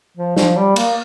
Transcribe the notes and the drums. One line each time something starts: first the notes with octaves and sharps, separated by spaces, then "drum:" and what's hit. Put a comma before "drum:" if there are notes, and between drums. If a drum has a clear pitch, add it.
F3
F3, drum: snare
G3
A#3, drum: cymbal